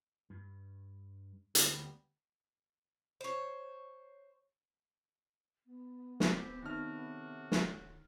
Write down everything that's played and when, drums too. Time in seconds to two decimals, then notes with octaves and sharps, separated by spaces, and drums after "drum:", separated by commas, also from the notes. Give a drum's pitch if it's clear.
0.30 G2
1.55 D2 G3 B3, drum: hi-hat
3.21 C5 C#5
5.66 B3
6.20 C4 G4, drum: snare
6.63 A2 C3 D#3 C4 F#4 A5 F6
7.52 drum: snare